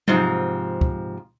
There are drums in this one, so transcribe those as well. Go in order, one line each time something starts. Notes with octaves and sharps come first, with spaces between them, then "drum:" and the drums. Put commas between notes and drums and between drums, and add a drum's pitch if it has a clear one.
G#2 C3 F3, drum: tom F#3
drum: kick